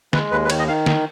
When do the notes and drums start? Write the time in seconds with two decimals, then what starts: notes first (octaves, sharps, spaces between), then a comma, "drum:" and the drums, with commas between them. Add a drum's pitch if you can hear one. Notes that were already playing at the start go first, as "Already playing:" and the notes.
0.13 G#3 B4, drum: snare
0.31 D#2 B4
0.45 B4
0.50 D#3 C#5, drum: cymbal
0.59 D#5
0.68 D#3 F5
0.86 drum: snare